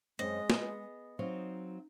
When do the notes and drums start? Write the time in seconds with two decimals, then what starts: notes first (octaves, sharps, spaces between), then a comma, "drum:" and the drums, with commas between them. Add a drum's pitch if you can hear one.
0.19 F#2 G#3 C4 D#5
0.50 B3 G#4, drum: snare
1.19 F#3 C4 D#4 F5